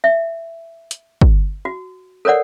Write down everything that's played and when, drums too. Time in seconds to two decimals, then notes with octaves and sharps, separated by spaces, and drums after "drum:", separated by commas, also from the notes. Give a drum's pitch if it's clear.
0.04 E5
0.91 drum: hi-hat
1.21 drum: kick
1.65 F#4
2.25 A4 A#4 C#5 D5 F#5